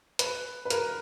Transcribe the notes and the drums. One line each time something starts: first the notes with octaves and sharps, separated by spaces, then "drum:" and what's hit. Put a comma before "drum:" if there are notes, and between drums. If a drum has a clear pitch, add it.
B4, drum: hi-hat
B4
A#4, drum: hi-hat